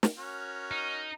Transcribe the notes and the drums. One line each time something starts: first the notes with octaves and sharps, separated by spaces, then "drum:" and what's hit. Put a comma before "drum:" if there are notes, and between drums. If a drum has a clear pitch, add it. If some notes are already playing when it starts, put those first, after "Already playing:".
drum: snare
C#4 F#4 A#4
D#4